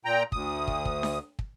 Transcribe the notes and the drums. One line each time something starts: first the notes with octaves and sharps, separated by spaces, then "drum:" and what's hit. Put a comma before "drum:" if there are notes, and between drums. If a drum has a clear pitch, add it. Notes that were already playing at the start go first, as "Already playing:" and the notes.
A#2 G5 A#5
D2 D#6, drum: kick
drum: kick
drum: kick
drum: snare D4
drum: kick